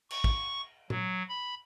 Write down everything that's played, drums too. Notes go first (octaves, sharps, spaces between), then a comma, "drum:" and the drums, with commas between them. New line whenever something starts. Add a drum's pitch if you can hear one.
C#6, drum: cymbal
drum: kick
F#3, drum: tom A#2
B5